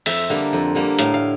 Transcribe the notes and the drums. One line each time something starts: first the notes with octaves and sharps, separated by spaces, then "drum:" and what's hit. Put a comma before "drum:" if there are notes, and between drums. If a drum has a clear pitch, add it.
F2 E5, drum: open hi-hat
D3 G3 A#3
F2
D3 G3 A#3
A2 F5, drum: hi-hat
F5